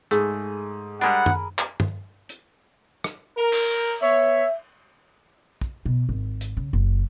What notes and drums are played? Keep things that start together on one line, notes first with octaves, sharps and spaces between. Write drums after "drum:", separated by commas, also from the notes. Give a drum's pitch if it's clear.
G#2 A3 G#4, drum: hi-hat
G3 G#3 D4 A#4 F#5 G#5 B5
drum: tom F#2
drum: clap
drum: tom
drum: hi-hat
drum: rim click
A#4
drum: cymbal
B3 C#5 E5
drum: kick
B2
G#1
drum: hi-hat
C#3
F#1